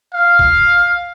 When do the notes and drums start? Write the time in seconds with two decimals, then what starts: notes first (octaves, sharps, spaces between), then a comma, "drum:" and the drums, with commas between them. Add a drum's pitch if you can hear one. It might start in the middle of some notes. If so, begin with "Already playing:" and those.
0.14 F5
0.39 drum: kick